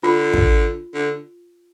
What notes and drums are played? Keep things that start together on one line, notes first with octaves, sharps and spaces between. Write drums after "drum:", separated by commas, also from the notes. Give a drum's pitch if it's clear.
D3 F4
drum: kick
D3